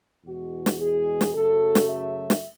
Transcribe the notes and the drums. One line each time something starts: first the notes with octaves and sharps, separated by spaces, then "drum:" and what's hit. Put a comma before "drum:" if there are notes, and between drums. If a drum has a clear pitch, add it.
E2 B2 G#3 F#4
drum: snare
G#4
drum: snare
F#2 C#3 F#3 A3 A4
drum: snare
E5
drum: snare